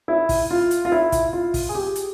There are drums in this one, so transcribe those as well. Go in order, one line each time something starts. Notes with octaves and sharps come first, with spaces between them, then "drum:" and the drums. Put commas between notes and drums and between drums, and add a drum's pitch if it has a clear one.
E4
drum: kick, open hi-hat
F4
drum: hi-hat
F4
E4
drum: kick, hi-hat
F4
drum: kick, open hi-hat
G#4
G4
drum: hi-hat